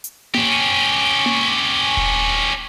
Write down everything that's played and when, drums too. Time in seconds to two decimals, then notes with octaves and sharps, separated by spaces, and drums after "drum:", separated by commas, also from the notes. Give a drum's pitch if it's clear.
0.04 drum: hi-hat
0.34 C#4 G4, drum: tom A#3
1.26 drum: tom A#3
1.97 drum: kick D#1